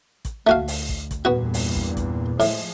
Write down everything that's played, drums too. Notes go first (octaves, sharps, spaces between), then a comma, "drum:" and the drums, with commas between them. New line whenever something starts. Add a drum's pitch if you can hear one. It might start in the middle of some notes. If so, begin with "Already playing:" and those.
drum: kick, hi-hat
D2 A3 F#4 F5
drum: open hi-hat
drum: kick
drum: kick, hi-hat
E2 G2 A#2 B3 F#4
drum: open hi-hat
drum: kick
drum: kick, hi-hat
A2 F3 G#3 A3, drum: open hi-hat